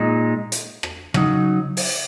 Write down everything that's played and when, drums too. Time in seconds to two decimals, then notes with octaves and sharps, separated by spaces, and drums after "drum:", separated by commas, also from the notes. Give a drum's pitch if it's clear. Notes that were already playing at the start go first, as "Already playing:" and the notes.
Already playing: A#2 G#3 D#4
0.52 drum: hi-hat
0.83 drum: rim click
1.14 C#3 F#3 D#4, drum: rim click
1.77 drum: open hi-hat